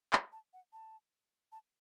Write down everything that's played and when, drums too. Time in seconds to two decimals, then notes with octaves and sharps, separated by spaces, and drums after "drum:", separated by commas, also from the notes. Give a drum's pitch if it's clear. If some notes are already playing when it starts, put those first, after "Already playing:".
0.13 F#5, drum: clap
0.32 A5
0.53 F#5
0.73 A5
1.52 A5